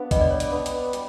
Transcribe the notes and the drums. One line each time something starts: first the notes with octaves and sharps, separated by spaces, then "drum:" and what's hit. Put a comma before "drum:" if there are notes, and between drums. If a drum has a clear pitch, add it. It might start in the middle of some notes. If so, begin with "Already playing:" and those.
Already playing: B3 D4 F5 F#5
G3 D#5, drum: kick A#1, hi-hat
D5
C#5
D5, drum: hi-hat
B3 D4
drum: hi-hat
G3, drum: hi-hat